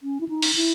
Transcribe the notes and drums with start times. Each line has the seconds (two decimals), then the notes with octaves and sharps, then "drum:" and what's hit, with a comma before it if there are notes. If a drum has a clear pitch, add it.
0.03 C#4
0.21 E4
0.29 D#4
0.42 drum: open hi-hat
0.55 E4